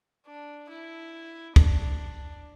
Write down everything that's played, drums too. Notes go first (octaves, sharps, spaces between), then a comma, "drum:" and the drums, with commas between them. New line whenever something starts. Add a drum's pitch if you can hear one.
D4
E4
D4, drum: kick